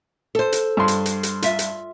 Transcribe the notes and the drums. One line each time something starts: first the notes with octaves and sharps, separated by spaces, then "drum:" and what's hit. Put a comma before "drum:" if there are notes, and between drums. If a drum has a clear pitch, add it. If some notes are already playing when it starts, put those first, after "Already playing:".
A4 C5
drum: hi-hat
G2 C6
drum: hi-hat
drum: hi-hat
drum: hi-hat
F4 E5, drum: hi-hat
drum: hi-hat